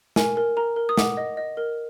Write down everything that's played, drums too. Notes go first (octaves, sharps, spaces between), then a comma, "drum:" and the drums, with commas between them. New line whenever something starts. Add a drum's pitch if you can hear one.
A#4 G#5, drum: snare
A#4
A#4 A#5
A#4
D#6
F#5 D6, drum: snare
D#5
D#5
A#4